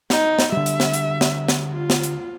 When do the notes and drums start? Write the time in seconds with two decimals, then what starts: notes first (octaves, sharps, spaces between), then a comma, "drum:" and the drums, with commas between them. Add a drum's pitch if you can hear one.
0.10 D#4, drum: snare
0.39 drum: snare
0.52 D3 G3 E5
0.66 drum: hi-hat
0.80 drum: snare
0.94 drum: hi-hat
1.21 drum: snare
1.48 drum: snare
1.73 F4
1.90 drum: snare
2.03 drum: hi-hat